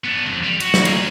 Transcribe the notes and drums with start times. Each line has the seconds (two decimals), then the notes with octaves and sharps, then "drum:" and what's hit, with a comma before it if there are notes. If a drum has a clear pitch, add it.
0.04 B3 D4
0.26 C2 F2
0.44 G3
0.60 F#4, drum: cymbal
0.74 drum: snare
0.85 G#4 A#4, drum: cymbal